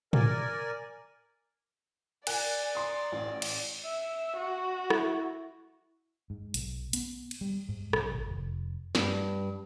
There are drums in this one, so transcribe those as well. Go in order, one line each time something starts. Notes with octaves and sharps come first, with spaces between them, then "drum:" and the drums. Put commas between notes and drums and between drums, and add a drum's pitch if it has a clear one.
A#4 D5 G#5, drum: tom
A#4 D5 G#5 F#6, drum: cymbal
A#5 C6 D#6
A1
drum: cymbal
E5
F#4
E4, drum: rim click
G#2
B1, drum: hi-hat
B3, drum: hi-hat
drum: cymbal
G3
G#2
B1, drum: rim click
G#1
F1
G2, drum: snare